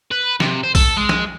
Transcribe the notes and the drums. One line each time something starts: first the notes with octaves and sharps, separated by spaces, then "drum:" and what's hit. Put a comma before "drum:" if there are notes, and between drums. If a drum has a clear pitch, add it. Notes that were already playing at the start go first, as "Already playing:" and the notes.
B4
C3, drum: snare
C5
A4, drum: kick, open hi-hat
G#3
drum: snare